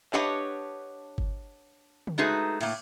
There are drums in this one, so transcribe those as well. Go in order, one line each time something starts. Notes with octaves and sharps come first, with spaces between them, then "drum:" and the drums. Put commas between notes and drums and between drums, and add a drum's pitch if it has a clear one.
D4 G4 B4 C#5 D#5 F#5, drum: clap
drum: kick G1
drum: tom C#3
G#3 A3 D#4 F#4 G#4 B4
A2 A#3, drum: cymbal